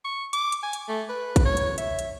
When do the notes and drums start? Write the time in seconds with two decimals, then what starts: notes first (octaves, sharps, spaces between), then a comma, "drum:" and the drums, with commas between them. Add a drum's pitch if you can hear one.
0.05 C#6
0.33 D6, drum: hi-hat
0.52 drum: hi-hat
0.63 G#5
0.73 drum: hi-hat
0.88 A3
1.09 B4
1.36 drum: kick, hi-hat
1.45 C#5
1.57 drum: hi-hat
1.78 E5, drum: hi-hat
1.99 drum: hi-hat